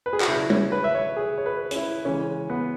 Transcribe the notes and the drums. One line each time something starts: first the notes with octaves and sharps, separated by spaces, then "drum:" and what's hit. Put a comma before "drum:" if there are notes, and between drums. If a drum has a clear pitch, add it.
B4
G#4
F#4, drum: clap
C#3 F#3 E4
C#4, drum: tom G3
B4
E5
C#5
G#4
C#5
B4
C#4, drum: hi-hat
E4
C#3 E3 G#3 C#4
B3